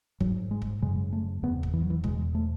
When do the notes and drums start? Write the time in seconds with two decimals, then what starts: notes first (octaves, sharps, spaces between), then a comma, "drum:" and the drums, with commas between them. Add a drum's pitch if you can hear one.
0.20 G#2 F#3, drum: kick
0.51 G#3
0.62 drum: kick
0.82 F#2 C#3 G#3
1.13 A3
1.43 E2 C#3 B3
1.63 drum: kick
1.73 E3
1.82 F#3
1.90 E3
2.04 E2 B2 G#3, drum: kick
2.35 A3